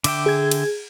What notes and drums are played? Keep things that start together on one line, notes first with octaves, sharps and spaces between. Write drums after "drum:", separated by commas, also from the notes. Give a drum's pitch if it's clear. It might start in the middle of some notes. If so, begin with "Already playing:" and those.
D3 E5 G5 D6, drum: cymbal
G#4 G#6
drum: cymbal